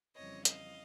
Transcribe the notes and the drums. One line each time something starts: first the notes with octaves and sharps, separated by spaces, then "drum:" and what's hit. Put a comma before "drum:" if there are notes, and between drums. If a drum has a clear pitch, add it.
F2 C#3 E3 G3 C4 C#5 D#5
D#5 F5, drum: hi-hat